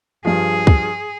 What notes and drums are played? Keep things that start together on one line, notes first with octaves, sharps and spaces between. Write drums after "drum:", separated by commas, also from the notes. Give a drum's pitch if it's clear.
G2 F3 G#4
drum: kick